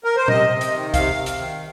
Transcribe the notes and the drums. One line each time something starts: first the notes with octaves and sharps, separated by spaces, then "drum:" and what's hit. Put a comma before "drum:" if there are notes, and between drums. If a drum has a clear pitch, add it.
A#4
C5
C3 D#5, drum: tom A#2
C3
drum: hi-hat
D#3
C3 F5, drum: kick, hi-hat
C3
drum: hi-hat
D#3